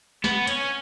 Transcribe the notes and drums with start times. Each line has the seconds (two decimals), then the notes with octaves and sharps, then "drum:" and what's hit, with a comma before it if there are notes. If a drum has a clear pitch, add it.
0.24 B3, drum: snare
0.47 C#4, drum: hi-hat